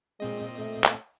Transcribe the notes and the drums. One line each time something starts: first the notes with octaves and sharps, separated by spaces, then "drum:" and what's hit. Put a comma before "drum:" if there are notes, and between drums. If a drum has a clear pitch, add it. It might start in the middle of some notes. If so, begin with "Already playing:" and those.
A#2 G#3 C4 D#5
A3
drum: clap